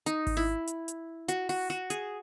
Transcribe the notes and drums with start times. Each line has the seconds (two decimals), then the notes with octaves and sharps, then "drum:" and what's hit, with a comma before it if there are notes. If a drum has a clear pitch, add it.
0.06 D#4, drum: hi-hat
0.27 drum: kick G#1, open hi-hat
0.37 E4
0.67 drum: hi-hat
0.88 drum: hi-hat
1.28 F#4, drum: hi-hat
1.49 F#4, drum: open hi-hat
1.70 F#4
1.90 G#4, drum: hi-hat